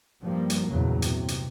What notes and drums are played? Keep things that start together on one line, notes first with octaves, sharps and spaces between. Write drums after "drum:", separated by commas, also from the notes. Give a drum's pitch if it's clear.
G2 F3 G3 A#3
drum: hi-hat
A#1 E2 G2 C#3 F#3
C3, drum: hi-hat
drum: hi-hat